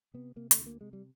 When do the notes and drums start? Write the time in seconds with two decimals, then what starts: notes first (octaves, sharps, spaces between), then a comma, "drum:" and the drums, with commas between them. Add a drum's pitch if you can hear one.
0.14 C3 B3
0.36 C3 A#3
0.51 A3, drum: hi-hat
0.59 D2
0.66 A#3
0.81 C3 G#3
0.93 G3